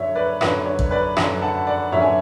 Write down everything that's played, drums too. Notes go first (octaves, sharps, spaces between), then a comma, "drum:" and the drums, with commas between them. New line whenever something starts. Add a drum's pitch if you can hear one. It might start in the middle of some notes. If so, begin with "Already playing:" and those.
Already playing: F#2 D3 F#3 C#5 E5
B4 D5
F#2 D3 F#3 B4, drum: rim click
C#5
drum: kick
B4 D5
F#2 D3 F#3, drum: rim click
F#5 A5
D5 F#5
F#2 D3 F#3 C#5 E5
G#5